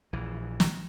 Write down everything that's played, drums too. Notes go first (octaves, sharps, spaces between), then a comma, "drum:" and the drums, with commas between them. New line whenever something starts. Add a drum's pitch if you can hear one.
A#1 E3
drum: snare